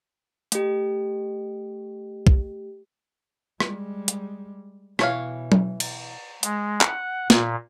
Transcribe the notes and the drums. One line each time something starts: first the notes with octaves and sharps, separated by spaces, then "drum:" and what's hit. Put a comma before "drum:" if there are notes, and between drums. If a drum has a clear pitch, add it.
A3 G4, drum: hi-hat
drum: kick B1
G3 G#3, drum: rim click
drum: hi-hat
B2 E3 C#5 F5, drum: rim click
drum: tom F#3
drum: cymbal
G#3, drum: hi-hat
F#5, drum: clap
A#2, drum: snare